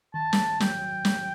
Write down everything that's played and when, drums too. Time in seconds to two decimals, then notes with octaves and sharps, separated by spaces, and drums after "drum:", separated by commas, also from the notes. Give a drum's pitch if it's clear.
0.14 D#3 A5
0.33 drum: snare
0.60 F#3 G5, drum: snare
1.05 drum: snare